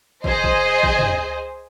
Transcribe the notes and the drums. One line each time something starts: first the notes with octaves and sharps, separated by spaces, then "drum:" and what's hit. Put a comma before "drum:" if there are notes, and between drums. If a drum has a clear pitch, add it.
G#4 C5 D#5, drum: kick
drum: kick
drum: kick
drum: tom